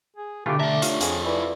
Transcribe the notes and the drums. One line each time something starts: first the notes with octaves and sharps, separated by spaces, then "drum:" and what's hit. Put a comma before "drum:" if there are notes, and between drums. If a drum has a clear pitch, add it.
G#4
B2 D3 E3 A3 F4 G4 D6
A3 D5 E5 A5 A#5
D4 F4 G4 C#5 F5, drum: hi-hat
F2 G#4, drum: hi-hat
E4 B4 D5